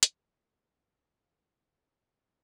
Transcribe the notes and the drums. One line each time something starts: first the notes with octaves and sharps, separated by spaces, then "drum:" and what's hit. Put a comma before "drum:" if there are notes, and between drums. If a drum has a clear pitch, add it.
drum: hi-hat
D#3 B4 D#5
A#4 C#5
G#3 B3
G#4 B4
B2 F#4 A#4
A#4
F4 G#4
A#3
F#4
F4 G#4
C#3 C#4 F4
C#4 F4
G#3 B3
B3 D#4